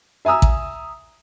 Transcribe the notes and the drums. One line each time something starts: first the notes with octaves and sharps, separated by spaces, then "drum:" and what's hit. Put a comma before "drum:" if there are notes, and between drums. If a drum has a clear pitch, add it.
E5 G#5 A#5 D#6 E6
drum: kick A1